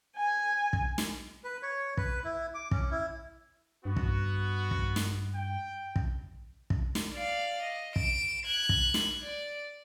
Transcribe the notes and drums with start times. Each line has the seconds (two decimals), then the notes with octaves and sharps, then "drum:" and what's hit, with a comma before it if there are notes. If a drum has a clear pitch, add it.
0.16 G#5
0.73 drum: kick
0.98 drum: snare
1.44 B4
1.63 C#5
1.97 B4, drum: kick
2.24 E4
2.54 D6
2.71 C#4, drum: kick
2.91 E4
3.85 G2 B3 F#4
3.96 drum: kick
4.71 drum: kick
4.96 drum: snare
5.35 G5
5.96 drum: kick
6.70 drum: kick
6.95 drum: snare
7.13 D5 F5
7.62 D#5
7.96 D7 E7, drum: kick
8.46 F#6 G#6
8.69 drum: kick
8.94 drum: snare
9.23 D5